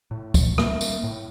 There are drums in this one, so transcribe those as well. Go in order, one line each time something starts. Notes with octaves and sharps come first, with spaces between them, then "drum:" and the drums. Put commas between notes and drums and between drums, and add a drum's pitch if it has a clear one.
A2
drum: kick, tambourine
G3 A#3, drum: rim click
drum: tambourine
A2